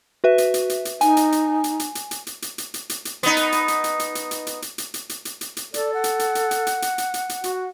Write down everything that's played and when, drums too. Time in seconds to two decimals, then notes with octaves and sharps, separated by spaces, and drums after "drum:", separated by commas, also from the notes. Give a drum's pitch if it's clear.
0.24 F#4 B4 E5
0.38 drum: hi-hat
0.54 drum: hi-hat
0.70 drum: hi-hat
0.85 drum: hi-hat
1.01 D#4 G#5, drum: hi-hat
1.17 drum: hi-hat
1.32 drum: hi-hat
1.64 drum: hi-hat
1.79 drum: hi-hat
1.95 drum: hi-hat
2.11 drum: hi-hat
2.27 drum: hi-hat
2.42 drum: hi-hat
2.58 drum: hi-hat
2.74 drum: hi-hat
2.89 drum: hi-hat
3.05 drum: hi-hat
3.23 B3 D#4, drum: hi-hat
3.37 drum: hi-hat
3.52 drum: hi-hat
3.68 drum: hi-hat
3.84 drum: hi-hat
3.99 drum: hi-hat
4.15 drum: hi-hat
4.31 drum: hi-hat
4.47 drum: hi-hat
4.62 drum: hi-hat
4.78 drum: hi-hat
4.94 drum: hi-hat
5.09 drum: hi-hat
5.25 drum: hi-hat
5.41 drum: hi-hat
5.57 drum: hi-hat
5.74 A4 D5, drum: hi-hat
5.94 F#5
6.04 drum: hi-hat
6.19 drum: hi-hat
6.35 drum: hi-hat
6.51 drum: hi-hat
6.67 drum: hi-hat
6.82 drum: hi-hat
6.98 drum: hi-hat
7.14 drum: hi-hat
7.29 drum: hi-hat
7.44 F#4, drum: hi-hat